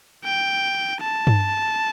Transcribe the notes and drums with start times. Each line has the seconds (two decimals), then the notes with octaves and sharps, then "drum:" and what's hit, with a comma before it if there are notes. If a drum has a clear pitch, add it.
0.24 G5
1.01 A5
1.27 drum: tom G2